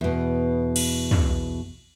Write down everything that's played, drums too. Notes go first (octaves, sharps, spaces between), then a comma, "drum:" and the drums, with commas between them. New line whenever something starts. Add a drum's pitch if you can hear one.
E2 B2
drum: cymbal
drum: tom